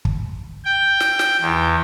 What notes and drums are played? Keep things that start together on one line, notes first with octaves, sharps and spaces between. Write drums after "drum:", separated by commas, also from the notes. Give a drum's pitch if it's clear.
drum: kick
G5
drum: snare
drum: snare
E2